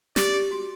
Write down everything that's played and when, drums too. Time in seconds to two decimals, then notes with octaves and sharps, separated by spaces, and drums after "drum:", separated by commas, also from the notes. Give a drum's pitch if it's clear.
0.16 G4 D5, drum: snare
0.34 G4
0.51 F#4